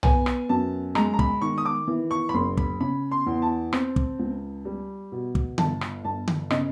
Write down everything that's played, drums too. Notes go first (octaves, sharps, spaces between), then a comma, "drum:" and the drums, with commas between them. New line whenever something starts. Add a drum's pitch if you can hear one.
B3 G#5, drum: tom
drum: rim click
F#2 A5
G#3 A#5, drum: rim click
A#5
B5, drum: kick
D#3 C#6
D#6
D6
E3
C#6
B5
F#1 C6
B5, drum: kick
C#3 B5
C6
E2
A5
C4, drum: rim click
drum: kick
C#2
G3
B2
drum: kick
G1 A5, drum: tom D3
drum: rim click
G1 A5
drum: tom D3
C#3 D#5, drum: rim click